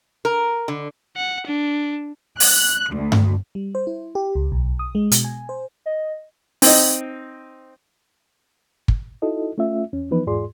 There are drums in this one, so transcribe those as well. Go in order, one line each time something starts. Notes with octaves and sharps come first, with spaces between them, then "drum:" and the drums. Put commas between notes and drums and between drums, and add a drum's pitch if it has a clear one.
A#4
D3
F#5
D4
F#6, drum: open hi-hat
D2
drum: tom G2
G3
C5
E4
G4
C#2
B1
D#6
G#3
B2, drum: hi-hat
G#5
C5
D#5
C4 D#4, drum: open hi-hat
drum: kick
D#4 E4 F#4 A4 D#5
A3 C#4 F4 E5
E2 C#4
E3 F3 B3 D#4 B4
E2 G#2 F4 G#4 D5 C6